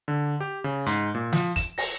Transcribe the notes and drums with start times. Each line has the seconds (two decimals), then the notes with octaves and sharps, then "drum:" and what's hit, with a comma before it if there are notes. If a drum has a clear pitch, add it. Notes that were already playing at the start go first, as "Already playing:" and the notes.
0.08 D3
0.40 G4
0.64 C#3
0.86 G#2, drum: hi-hat
1.15 A#2
1.33 F3, drum: snare
1.56 E7, drum: kick, hi-hat
1.78 A#6, drum: open hi-hat